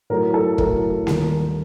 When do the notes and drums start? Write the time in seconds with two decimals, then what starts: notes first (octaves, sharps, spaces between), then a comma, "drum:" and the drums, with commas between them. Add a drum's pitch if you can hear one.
0.10 A2 F#3 A3 A#4
0.34 A4
0.58 A2 F#3 A3 A#4, drum: kick
1.07 D#2 D#3 G3, drum: snare A#3